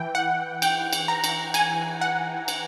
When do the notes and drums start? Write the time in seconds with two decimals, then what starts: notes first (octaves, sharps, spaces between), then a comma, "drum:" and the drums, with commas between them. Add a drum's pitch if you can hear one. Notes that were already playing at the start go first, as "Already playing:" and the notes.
Already playing: E3 G5
0.15 F#5
0.62 G5, drum: cymbal
0.93 drum: cymbal
1.08 A#5
1.24 drum: cymbal
1.54 G#5, drum: cymbal
2.01 F#5
2.48 drum: cymbal